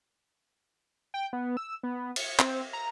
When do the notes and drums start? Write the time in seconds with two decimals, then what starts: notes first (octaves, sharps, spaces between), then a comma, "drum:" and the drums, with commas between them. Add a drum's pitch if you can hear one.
1.14 G5
1.33 B3
1.57 E6
1.83 B3
2.16 C#7, drum: cymbal
2.39 C4, drum: clap
2.73 A#5